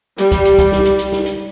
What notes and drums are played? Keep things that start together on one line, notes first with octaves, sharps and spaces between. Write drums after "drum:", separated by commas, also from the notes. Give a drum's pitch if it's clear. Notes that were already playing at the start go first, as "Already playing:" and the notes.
G3, drum: hi-hat
drum: kick, hi-hat
drum: hi-hat
drum: kick, hi-hat
drum: snare
drum: hi-hat
drum: hi-hat
drum: snare
drum: hi-hat